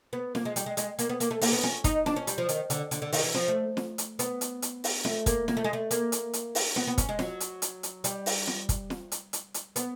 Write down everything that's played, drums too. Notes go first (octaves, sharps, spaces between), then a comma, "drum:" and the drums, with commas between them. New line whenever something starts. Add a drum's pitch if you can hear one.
B3
A#3, drum: snare
G#3
G3, drum: hi-hat
G#3
G#3, drum: hi-hat
A#3, drum: hi-hat
B3
A#3, drum: hi-hat
A3
A#3, drum: open hi-hat
B3
C#4, drum: snare
D#4, drum: kick, hi-hat
D4, drum: snare
C#4
G3, drum: hi-hat
F3
D#3, drum: hi-hat
D3, drum: hi-hat
D3, drum: hi-hat
D3
D#3, drum: open hi-hat
E3
F3, drum: snare
A3
drum: snare
drum: hi-hat
B3, drum: hi-hat
drum: hi-hat
drum: hi-hat
drum: open hi-hat
A3, drum: snare
A#3, drum: kick, hi-hat
A#3, drum: snare
A3
G#3
A3
A#3, drum: hi-hat
drum: hi-hat
drum: hi-hat
drum: open hi-hat
B3, drum: snare
B3
C#4, drum: kick, hi-hat
G#3
F#3, drum: snare
drum: hi-hat
drum: hi-hat
drum: hi-hat
G3, drum: hi-hat
drum: open hi-hat
drum: snare
drum: kick, hi-hat
drum: snare
drum: hi-hat
drum: hi-hat
drum: hi-hat
B3, drum: hi-hat